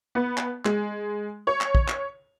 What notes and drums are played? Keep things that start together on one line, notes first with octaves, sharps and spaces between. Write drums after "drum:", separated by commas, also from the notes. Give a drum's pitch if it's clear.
B3
drum: clap
G#3, drum: clap
C#5
drum: clap
drum: kick
drum: clap